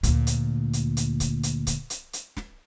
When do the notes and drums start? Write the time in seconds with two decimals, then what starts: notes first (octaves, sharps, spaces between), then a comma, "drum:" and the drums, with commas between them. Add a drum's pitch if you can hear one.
0.03 D2 A#2, drum: hi-hat
0.27 drum: hi-hat
0.73 drum: hi-hat
0.97 drum: hi-hat
1.20 drum: kick C#1, hi-hat
1.43 drum: hi-hat
1.67 drum: kick C#1, hi-hat
1.90 drum: hi-hat
2.13 drum: hi-hat
2.37 drum: snare